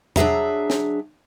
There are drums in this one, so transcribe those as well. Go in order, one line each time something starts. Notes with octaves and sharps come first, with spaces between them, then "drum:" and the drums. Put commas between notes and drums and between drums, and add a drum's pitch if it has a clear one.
F#3 D4 G#4 E5 A#5, drum: tom E2
drum: snare